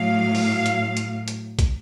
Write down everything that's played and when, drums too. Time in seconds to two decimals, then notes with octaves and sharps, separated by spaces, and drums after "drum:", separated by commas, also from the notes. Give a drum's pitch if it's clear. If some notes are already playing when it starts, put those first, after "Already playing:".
Already playing: A2 F#3 F5
0.35 drum: open hi-hat
0.66 drum: hi-hat
0.97 drum: hi-hat
1.28 drum: hi-hat
1.59 drum: kick, hi-hat